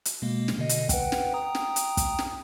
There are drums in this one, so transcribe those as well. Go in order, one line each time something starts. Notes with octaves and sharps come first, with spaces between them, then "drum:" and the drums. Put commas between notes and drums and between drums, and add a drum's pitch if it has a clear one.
drum: hi-hat
B2 G#3 A#3
drum: snare
B2 D3 D#5
drum: hi-hat
B4 F#5 G5, drum: kick, hi-hat
drum: snare
G5 A#5 D#6
drum: snare
drum: hi-hat
drum: kick, hi-hat
drum: snare